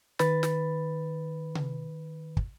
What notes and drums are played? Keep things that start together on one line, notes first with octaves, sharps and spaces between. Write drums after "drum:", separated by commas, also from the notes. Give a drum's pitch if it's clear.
D#3 B4 B5 A6, drum: snare
drum: snare
drum: tom C3
drum: kick